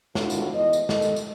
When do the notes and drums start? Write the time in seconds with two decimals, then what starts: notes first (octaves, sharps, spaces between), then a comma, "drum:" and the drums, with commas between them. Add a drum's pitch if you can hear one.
0.15 A2 D3 D#3 B3 F4 F#4, drum: snare
0.30 drum: tambourine
0.53 E2 D#5
0.73 drum: tambourine
0.89 D#3 A4 D#5, drum: snare
1.02 drum: tambourine
1.16 drum: tambourine